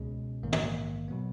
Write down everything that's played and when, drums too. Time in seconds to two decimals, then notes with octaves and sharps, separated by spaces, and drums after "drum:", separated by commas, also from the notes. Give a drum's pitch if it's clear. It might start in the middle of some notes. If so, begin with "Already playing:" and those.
Already playing: C#2 B2 G#3 C#4 G#4
0.43 A#1 G#2 D#3 A#3
0.52 drum: tom
1.08 B2 F#3 B3